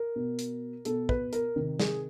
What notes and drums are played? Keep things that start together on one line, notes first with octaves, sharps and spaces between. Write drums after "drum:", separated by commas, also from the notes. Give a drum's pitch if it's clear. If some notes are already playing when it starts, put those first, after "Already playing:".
Already playing: A#4
B2
drum: hi-hat
B2 A4, drum: hi-hat
B4, drum: kick
A#4, drum: hi-hat
C3 D#3
G#4, drum: snare